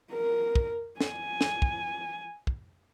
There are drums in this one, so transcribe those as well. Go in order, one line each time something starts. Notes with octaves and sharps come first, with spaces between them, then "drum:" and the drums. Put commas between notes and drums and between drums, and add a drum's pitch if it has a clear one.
A#4
drum: kick
G#5, drum: snare
drum: snare
drum: kick
drum: kick